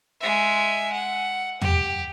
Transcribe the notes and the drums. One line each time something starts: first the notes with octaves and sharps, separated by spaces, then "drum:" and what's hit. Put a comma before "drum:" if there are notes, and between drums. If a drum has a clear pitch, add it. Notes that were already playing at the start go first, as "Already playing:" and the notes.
G#3 E5
F#5
G4, drum: tom